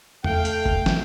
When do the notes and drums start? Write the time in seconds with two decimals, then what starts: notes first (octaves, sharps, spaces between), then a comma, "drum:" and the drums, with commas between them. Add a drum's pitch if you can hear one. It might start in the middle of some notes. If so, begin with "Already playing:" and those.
0.24 A3 F5 G5, drum: tom E2
0.45 drum: hi-hat
0.66 drum: kick
0.86 drum: snare